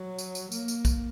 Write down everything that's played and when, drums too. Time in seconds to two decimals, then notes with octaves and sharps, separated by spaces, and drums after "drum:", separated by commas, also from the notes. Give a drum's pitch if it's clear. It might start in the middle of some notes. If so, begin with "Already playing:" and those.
Already playing: F#3
0.18 drum: tambourine
0.35 drum: tambourine
0.52 A#3, drum: tambourine
0.68 drum: tambourine
0.85 drum: kick, tambourine